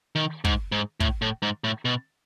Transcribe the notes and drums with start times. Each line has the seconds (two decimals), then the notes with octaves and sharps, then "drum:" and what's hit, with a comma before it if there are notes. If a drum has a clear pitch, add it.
0.15 D#3
0.45 G#2, drum: kick
0.72 G#2
1.00 A2, drum: kick
1.22 A2
1.42 G#2
1.64 A2
1.85 B2